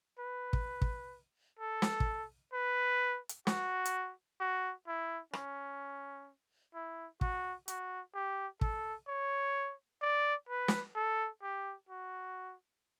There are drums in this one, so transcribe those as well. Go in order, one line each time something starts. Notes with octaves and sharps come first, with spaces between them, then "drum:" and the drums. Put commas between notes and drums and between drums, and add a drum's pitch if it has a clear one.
B4
drum: kick
drum: kick
A4
drum: snare
drum: kick
B4
drum: hi-hat
F#4, drum: snare
drum: hi-hat
F#4
E4
C#4, drum: rim click
E4
F#4, drum: kick
F#4, drum: hi-hat
G4
A4, drum: kick
C#5
D5
B4
drum: snare
A4
G4
F#4